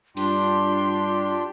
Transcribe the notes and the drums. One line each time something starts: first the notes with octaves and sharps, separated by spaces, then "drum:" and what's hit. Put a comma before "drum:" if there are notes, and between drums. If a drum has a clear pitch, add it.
G2 D4 F4 G4 C6, drum: open hi-hat